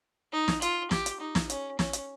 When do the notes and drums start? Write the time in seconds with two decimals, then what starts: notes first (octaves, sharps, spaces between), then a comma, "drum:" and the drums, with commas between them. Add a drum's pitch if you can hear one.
0.33 D#4
0.48 drum: snare
0.62 F4, drum: hi-hat
0.91 G4, drum: snare
1.06 drum: hi-hat
1.20 D#4
1.35 drum: snare
1.50 C#4, drum: hi-hat
1.79 C#4, drum: snare
1.93 drum: hi-hat